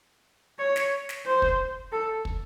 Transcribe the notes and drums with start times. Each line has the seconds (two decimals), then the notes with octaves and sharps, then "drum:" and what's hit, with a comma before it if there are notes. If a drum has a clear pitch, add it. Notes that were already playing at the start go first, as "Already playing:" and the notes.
0.59 C#5
0.76 drum: snare
1.09 drum: snare
1.26 C5
1.42 drum: kick
1.92 A4
2.25 drum: kick